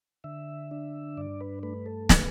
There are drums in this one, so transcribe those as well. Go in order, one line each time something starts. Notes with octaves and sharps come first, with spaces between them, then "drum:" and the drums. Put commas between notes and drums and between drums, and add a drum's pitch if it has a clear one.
D3 E5
D4
G2 D5
B4
A3 B4
A4
D3 B4, drum: snare